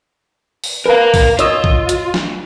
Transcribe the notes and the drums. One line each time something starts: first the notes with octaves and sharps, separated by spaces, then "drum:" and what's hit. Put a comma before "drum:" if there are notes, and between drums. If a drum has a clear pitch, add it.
drum: open hi-hat
A#4 B4 F5 A#5
drum: kick A#1, open hi-hat
F4 C#5 D#5 E6, drum: hi-hat
drum: kick A#1
drum: hi-hat
drum: snare